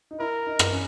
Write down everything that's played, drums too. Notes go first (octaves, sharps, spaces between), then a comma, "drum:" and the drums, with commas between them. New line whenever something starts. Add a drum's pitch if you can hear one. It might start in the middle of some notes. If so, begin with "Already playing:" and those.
D#4
E4 A#4
D#4
drum: rim click
C#4